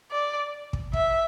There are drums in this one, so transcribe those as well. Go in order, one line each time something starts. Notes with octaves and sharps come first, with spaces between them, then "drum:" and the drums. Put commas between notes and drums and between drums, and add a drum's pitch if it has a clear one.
D5
drum: kick
E5, drum: kick